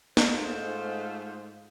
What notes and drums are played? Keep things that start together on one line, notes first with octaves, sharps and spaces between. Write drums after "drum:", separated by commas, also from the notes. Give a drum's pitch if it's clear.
G#2 G#3 A3 F4 C5, drum: snare